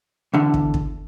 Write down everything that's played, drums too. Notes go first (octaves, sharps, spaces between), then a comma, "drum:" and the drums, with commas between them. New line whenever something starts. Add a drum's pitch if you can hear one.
E2 D3
drum: kick
drum: kick